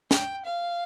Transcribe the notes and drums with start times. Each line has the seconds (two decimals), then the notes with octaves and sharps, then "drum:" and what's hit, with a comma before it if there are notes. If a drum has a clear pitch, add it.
0.11 G5, drum: snare
0.45 F5